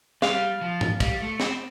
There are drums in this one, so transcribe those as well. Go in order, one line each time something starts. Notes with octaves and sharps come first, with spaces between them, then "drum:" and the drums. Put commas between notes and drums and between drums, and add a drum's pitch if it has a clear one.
G3 F5, drum: snare
F3
drum: tom G#2
G3, drum: kick, cymbal
A3
C4, drum: snare